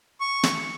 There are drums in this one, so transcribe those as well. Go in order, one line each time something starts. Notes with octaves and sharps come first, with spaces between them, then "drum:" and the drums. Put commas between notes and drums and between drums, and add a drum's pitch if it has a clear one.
C#6
drum: snare